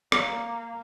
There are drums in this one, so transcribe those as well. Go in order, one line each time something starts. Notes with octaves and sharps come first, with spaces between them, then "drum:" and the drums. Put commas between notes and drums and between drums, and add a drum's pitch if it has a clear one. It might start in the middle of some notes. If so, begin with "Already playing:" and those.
A#3, drum: rim click